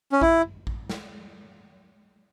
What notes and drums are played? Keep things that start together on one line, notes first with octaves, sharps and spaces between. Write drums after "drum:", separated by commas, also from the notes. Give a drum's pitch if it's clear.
C#4
E4, drum: kick A1
drum: kick A1
drum: snare